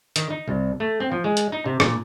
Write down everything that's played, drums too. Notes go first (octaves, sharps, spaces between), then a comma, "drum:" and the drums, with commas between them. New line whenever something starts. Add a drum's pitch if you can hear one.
D#3, drum: hi-hat
D#4
C2
A3
C4
F3
G#3
drum: hi-hat
D#4
C3
A#2, drum: rim click